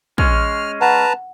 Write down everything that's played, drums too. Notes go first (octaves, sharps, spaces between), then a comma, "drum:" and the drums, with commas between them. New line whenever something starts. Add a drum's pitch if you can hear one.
G#3 C#4 F6, drum: kick
B4 F#5 A5 A#5